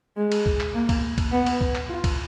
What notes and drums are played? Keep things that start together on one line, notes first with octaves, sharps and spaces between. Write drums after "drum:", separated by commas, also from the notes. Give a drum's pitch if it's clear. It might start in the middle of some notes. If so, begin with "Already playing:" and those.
G#3
drum: cymbal
drum: kick
drum: clap
A#3
drum: kick, cymbal
drum: kick, cymbal
B3
drum: cymbal
drum: kick
drum: clap
F4
drum: kick, cymbal